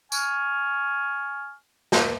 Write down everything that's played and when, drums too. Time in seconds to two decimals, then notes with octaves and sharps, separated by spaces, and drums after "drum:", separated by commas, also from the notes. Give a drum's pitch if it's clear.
0.12 G#5 C#6 F6, drum: tambourine
1.92 drum: snare